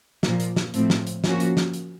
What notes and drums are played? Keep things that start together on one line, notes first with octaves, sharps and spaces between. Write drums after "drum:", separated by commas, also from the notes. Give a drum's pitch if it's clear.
A#2 F3 A#3, drum: snare
drum: hi-hat
drum: snare
A2 F3 A3 C4, drum: hi-hat
drum: snare
drum: hi-hat
F3 A#3 C#4 F#4, drum: snare
drum: hi-hat
drum: snare
drum: hi-hat